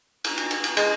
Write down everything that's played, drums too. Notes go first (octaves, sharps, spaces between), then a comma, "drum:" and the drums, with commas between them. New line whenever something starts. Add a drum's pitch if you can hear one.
drum: cymbal
drum: cymbal
drum: cymbal
drum: cymbal
G#3, drum: cymbal